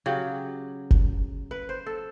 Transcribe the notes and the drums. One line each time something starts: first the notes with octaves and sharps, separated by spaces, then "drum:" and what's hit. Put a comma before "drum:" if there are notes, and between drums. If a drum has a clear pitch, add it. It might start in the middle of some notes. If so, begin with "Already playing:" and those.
C#3 F#3 G4
drum: kick F#1
B4
C5
A4